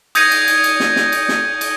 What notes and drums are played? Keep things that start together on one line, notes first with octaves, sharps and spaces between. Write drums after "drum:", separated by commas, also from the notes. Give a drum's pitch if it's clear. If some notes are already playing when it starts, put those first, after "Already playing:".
D#6 G6 G#6 A#6 C#7 D#7, drum: cymbal
drum: cymbal
drum: cymbal
drum: cymbal
drum: snare
drum: snare
drum: cymbal
drum: snare
drum: cymbal